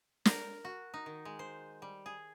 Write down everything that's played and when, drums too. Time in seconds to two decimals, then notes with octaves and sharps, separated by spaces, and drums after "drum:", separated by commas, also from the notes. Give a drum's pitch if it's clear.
0.25 A#4, drum: snare
0.65 F#4
0.94 D#4
1.06 D#3
1.25 G#3
1.39 C5
1.82 G3
2.06 G#4